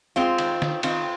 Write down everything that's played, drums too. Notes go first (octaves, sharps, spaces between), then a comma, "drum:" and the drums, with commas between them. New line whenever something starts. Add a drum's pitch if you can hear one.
G#3 C4 F4
D#3, drum: cymbal
D#3, drum: snare
D#3 C4 F4, drum: cymbal